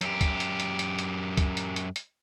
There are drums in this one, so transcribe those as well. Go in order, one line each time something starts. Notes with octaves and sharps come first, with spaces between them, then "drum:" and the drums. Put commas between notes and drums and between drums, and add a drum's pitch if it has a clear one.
F#2 G4, drum: hi-hat
drum: kick C#2, hi-hat
drum: hi-hat
drum: hi-hat
drum: hi-hat
drum: hi-hat
drum: kick C#2, hi-hat
drum: hi-hat
drum: hi-hat
drum: hi-hat